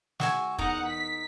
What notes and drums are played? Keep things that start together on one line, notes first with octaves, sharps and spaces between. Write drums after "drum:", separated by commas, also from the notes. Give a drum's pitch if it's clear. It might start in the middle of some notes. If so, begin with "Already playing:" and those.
F#4 E5 G#5, drum: snare
E2 D#4 A#4 F#5 A#5, drum: kick
B6